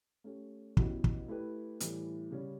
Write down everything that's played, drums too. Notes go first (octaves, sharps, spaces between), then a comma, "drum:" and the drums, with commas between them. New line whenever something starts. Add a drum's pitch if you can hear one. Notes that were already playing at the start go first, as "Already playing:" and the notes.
A3 C#4 G4
B2 F#3 C#4 E4 G4, drum: kick
drum: kick
A3 E4 G4 B4
A2 E3 G3, drum: hi-hat
C#3 G3 C#4